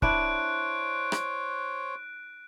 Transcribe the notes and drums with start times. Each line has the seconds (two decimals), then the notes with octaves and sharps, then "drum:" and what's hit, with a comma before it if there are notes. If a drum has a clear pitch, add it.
0.02 D4 E4 C5 C#5 F#6 D7, drum: kick
1.12 drum: rim click